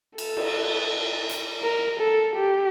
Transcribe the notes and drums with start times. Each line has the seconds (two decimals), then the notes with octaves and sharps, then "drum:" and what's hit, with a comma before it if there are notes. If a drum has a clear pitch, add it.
0.18 A4, drum: cymbal
0.37 drum: cymbal
1.29 drum: hi-hat
1.63 A#4
2.00 A4
2.37 G4